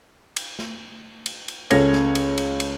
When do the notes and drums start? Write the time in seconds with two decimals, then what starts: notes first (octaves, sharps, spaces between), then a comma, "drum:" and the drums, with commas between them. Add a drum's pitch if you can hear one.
0.36 drum: cymbal
0.59 drum: snare
1.26 drum: cymbal
1.48 drum: cymbal
1.71 C#2 C#4 A4 C#5 G#6 A#6, drum: cymbal
1.93 drum: snare
2.15 drum: cymbal
2.38 drum: cymbal
2.60 drum: cymbal